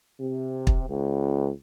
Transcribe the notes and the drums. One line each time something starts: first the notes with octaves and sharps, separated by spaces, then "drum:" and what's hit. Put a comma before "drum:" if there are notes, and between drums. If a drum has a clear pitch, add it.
C3
drum: kick
C#2